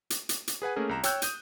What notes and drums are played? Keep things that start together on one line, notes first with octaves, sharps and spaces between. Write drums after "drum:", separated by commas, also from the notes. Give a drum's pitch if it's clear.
drum: hi-hat
drum: hi-hat
drum: hi-hat
G#4 B4 F#5 G#5
A3 A#3 C#4 G#4 A#4
C2 A#5 E7
C#5 G5 E6 F#6 G6, drum: hi-hat
D#6 G6 D#7, drum: hi-hat